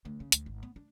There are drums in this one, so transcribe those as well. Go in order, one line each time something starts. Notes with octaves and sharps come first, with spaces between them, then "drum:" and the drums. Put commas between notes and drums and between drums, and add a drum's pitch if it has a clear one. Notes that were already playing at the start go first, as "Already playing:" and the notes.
D2
C#3
D2, drum: hi-hat
G#1
B3
D4